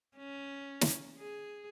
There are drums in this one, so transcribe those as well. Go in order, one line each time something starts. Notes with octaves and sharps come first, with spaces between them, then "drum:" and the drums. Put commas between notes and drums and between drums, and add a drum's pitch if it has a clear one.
C#4
drum: snare
G#4